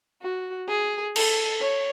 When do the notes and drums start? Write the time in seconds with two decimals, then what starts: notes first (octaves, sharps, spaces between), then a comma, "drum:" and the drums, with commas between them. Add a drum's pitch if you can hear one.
0.22 F#4
0.69 G#4
1.16 A4, drum: cymbal
1.61 C#5